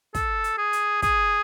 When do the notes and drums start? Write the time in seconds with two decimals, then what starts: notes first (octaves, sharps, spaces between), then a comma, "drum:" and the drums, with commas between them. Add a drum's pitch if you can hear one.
0.15 A4, drum: kick, hi-hat
0.44 drum: hi-hat
0.58 G#4
0.73 drum: hi-hat
1.02 G#4, drum: kick, hi-hat